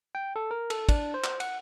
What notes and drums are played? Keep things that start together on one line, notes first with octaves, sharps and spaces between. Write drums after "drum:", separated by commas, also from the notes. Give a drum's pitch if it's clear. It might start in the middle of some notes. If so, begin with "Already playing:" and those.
G5
A4
A#4
A4, drum: cymbal
D4, drum: kick, cymbal
C5
drum: clap
F#5, drum: cymbal